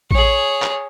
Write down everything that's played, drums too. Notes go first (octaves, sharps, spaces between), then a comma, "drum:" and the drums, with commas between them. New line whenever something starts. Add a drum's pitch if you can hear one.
G#4 C#5, drum: kick A1
drum: clap